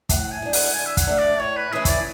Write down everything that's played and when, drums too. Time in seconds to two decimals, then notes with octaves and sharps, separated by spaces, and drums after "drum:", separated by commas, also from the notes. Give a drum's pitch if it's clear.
0.09 A2 F#5, drum: kick, hi-hat
0.31 G#5
0.42 G#3 D4
0.53 F#5, drum: open hi-hat
0.74 D3 G#5
0.86 E5
0.97 F#5, drum: kick, hi-hat
1.07 A3 D4
1.18 D5
1.40 A2 C#5
1.57 B4
1.73 E3 A3 C#4 E4 G#4
1.85 C#5, drum: kick, hi-hat
1.89 D5